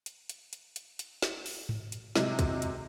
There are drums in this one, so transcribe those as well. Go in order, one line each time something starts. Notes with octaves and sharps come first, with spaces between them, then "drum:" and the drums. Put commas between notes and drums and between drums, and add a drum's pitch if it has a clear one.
drum: hi-hat
drum: hi-hat
drum: hi-hat
drum: hi-hat
drum: hi-hat
drum: snare
drum: open hi-hat
drum: tom G#2
drum: hi-hat
C3 F#3 G#3, drum: snare
drum: kick, hi-hat
drum: hi-hat